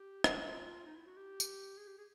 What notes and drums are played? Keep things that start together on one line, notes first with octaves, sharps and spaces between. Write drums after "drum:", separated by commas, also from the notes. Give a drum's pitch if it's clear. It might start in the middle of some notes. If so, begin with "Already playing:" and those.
Already playing: G4
F#4, drum: rim click
F4
E4
F4
D#4
E4
F#4
G4
drum: tambourine
G#4
G4
G#4